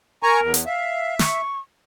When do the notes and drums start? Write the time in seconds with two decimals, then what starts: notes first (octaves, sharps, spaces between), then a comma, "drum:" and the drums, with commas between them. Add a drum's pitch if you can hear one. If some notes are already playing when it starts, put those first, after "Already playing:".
0.23 A#4 G#5 A#5 C#6
0.41 E2
0.54 drum: hi-hat
0.66 E5 F5
1.19 C#6, drum: snare